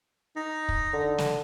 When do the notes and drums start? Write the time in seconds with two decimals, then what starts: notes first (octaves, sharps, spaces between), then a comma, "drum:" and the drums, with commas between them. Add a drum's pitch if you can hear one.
0.36 D#4
0.69 drum: kick
0.93 D3
1.18 drum: snare